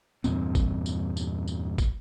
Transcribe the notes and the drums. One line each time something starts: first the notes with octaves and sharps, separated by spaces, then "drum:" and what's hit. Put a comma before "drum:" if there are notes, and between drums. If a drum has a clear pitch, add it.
E2 G2 A#2 C4, drum: tambourine
drum: kick, tambourine
drum: tambourine
drum: tambourine
drum: tambourine
drum: kick, tambourine